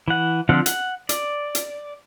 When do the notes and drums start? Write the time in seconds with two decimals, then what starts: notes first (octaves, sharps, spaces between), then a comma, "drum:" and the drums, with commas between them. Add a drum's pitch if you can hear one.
0.08 E3 F#5
0.49 D3 F3 C4 F4 F#5
0.66 F#5, drum: hi-hat
1.09 D5, drum: hi-hat
1.55 drum: hi-hat